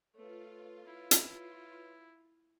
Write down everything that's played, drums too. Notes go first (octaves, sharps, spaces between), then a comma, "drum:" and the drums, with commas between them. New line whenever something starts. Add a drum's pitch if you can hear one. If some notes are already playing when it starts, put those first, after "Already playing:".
A3 F4 B4 C#5
E4
drum: hi-hat